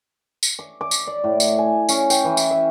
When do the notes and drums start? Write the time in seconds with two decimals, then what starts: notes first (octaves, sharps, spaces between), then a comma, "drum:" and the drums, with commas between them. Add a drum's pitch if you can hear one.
0.43 drum: tambourine
0.59 D6
0.81 D6
0.91 drum: tambourine
1.07 D5
1.24 A2
1.40 drum: tambourine
1.58 G#5
1.89 C#4, drum: tambourine
2.10 G5, drum: tambourine
2.24 E3
2.37 drum: tambourine
2.51 E5